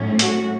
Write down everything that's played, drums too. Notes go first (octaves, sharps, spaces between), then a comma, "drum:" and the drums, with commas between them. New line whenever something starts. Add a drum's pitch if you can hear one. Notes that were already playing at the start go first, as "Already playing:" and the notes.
Already playing: A2 F#3 A3 C#4
F#4, drum: hi-hat